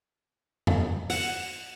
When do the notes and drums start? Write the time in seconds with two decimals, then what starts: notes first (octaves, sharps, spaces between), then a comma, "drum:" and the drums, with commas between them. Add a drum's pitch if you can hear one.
0.67 drum: tom E2
1.10 F#5, drum: open hi-hat